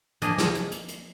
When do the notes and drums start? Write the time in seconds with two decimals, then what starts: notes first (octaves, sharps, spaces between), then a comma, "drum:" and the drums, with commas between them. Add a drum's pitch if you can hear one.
0.22 F3 A#3 D4 D#5 G#5, drum: hi-hat
0.38 drum: snare
0.55 drum: hi-hat
0.72 drum: hi-hat
0.88 drum: hi-hat